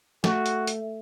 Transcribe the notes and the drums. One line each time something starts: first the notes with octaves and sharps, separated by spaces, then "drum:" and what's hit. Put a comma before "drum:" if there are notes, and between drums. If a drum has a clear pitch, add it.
A3 F#4, drum: snare
drum: hi-hat
drum: hi-hat